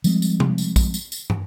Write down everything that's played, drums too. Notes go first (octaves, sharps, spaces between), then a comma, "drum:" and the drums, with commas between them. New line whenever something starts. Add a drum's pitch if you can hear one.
F3 G3 G#3 C4, drum: tambourine
drum: tambourine
drum: tom C3
drum: tambourine
drum: kick A#1, tambourine
drum: tambourine
drum: tambourine
drum: tom